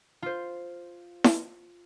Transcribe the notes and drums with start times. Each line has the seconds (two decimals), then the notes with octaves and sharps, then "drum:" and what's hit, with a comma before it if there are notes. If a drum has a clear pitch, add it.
0.22 F4 C5
1.24 drum: snare E4